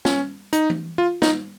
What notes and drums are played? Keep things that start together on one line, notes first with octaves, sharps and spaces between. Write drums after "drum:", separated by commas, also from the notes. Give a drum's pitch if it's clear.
C#4, drum: snare
D#4, drum: hi-hat
drum: tom E3
F4
D#4, drum: snare